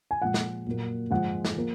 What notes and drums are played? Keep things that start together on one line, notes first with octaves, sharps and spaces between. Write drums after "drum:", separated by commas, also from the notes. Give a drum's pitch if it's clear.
G#5
A#2 F3 G#3 F#5
drum: snare
A#2 F#3 A#3
G#2 F3 G#3 F#5
drum: snare
F3 A#3